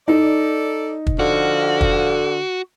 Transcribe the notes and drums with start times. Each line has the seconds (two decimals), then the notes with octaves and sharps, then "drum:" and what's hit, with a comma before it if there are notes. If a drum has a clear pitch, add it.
0.08 D#4 A4 D5
1.07 drum: kick
1.19 D3 F3 F#4 F5
1.81 drum: kick